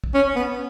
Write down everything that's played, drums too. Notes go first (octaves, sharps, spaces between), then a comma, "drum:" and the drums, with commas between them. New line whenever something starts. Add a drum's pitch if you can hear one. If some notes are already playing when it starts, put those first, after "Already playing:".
drum: kick
C#4
B3